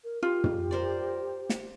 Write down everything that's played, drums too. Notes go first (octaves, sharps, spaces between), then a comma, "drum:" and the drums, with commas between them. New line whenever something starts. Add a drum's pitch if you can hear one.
A#4
F4 G4
drum: tom
A#4 C5 D5
drum: snare